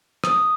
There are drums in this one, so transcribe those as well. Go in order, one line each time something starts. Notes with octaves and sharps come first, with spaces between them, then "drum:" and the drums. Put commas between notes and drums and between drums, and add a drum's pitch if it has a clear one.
D#6, drum: rim click